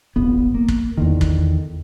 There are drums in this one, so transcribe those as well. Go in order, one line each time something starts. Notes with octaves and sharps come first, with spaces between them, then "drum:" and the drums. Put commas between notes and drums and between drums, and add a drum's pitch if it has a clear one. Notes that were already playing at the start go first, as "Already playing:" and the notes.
D1 G1 B3
A#3
drum: kick
E2 D3 D#3
drum: kick